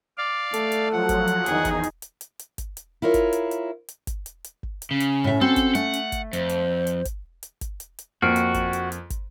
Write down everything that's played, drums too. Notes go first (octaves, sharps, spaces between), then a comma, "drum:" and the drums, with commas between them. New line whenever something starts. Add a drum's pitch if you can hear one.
D5 F5
A3 A4, drum: hi-hat
drum: hi-hat
F3 F#3 F#5
drum: kick, hi-hat
drum: hi-hat
E2 D#3 D#4 G#4, drum: hi-hat
drum: kick, hi-hat
drum: hi-hat
drum: hi-hat
drum: hi-hat
drum: hi-hat
drum: kick, hi-hat
drum: hi-hat
E4 F4 A#4 C#5
drum: kick, hi-hat
drum: hi-hat
drum: hi-hat
drum: hi-hat
drum: kick, hi-hat
drum: hi-hat
drum: hi-hat
drum: kick
drum: hi-hat
C#3 C#4
drum: hi-hat
A2 E5
C4 F#4 A4
drum: kick, hi-hat
A3 F#5, drum: hi-hat
drum: hi-hat
drum: kick, hi-hat
F2 C5, drum: hi-hat
drum: hi-hat
drum: hi-hat
drum: kick, hi-hat
drum: hi-hat
drum: kick, hi-hat
drum: hi-hat
drum: hi-hat
F2 A#3 F#4 F6 C7 D7
drum: hi-hat
drum: kick, hi-hat
drum: hi-hat
drum: hi-hat
drum: kick, hi-hat